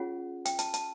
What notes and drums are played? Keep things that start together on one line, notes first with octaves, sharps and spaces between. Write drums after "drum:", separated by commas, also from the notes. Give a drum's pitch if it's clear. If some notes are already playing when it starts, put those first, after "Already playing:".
Already playing: C#4 F4 G#4 C#5 F#5
G5, drum: hi-hat
A5, drum: hi-hat
A5, drum: hi-hat